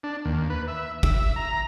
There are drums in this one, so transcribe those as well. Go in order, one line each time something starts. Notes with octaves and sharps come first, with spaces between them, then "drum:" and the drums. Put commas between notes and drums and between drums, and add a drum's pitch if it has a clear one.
D4
D#2
B4
E5
E5, drum: kick
A#5